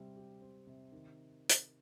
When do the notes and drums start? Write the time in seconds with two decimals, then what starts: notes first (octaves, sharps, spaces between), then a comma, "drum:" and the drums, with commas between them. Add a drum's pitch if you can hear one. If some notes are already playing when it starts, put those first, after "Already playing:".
Already playing: C3 G3 C4 G4
0.16 G4
0.42 C4
0.67 C3
0.92 D#3
1.49 drum: hi-hat